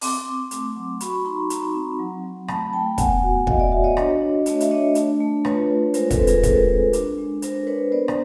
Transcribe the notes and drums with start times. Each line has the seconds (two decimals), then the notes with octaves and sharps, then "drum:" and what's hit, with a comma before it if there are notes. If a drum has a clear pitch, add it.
0.01 C4 C6 D6, drum: open hi-hat
0.27 C4
0.51 A3, drum: hi-hat
0.76 F#3
1.00 F#4 B5 C#6, drum: hi-hat
1.25 D#4 A#5 C6
1.50 D#4, drum: hi-hat
1.74 C4
1.99 F#3
2.24 F#3
2.48 A3 A5 B5, drum: rim click
2.73 A3 G5 A5
2.98 B3 F#5 G#5, drum: kick, hi-hat
3.22 F#4
3.47 F#4 D#5 F5, drum: kick
3.60 D5 E5
3.72 F#4 D5 E5
3.84 C#5 D#5
3.97 D4 C#5 D#5, drum: rim click
4.21 D4
4.46 A3 C#5 D#5, drum: hi-hat
4.60 E5, drum: hi-hat
4.71 D4 C#5 D#5
4.95 A3, drum: hi-hat
5.21 A3
5.45 F4 B4 C#5, drum: rim click
5.69 F4
5.94 G#3 A#4 C5, drum: hi-hat
6.10 A4 B4, drum: kick, hi-hat
6.19 C4
6.27 G#4 A#4, drum: hi-hat
6.43 G#3 A4 B4, drum: kick, hi-hat
6.68 G#3
6.93 D4, drum: hi-hat
7.18 G#3
7.42 D4 A#4 C5, drum: hi-hat
7.67 D4 B4 C#5
7.91 B3 C5 D5
8.08 drum: rim click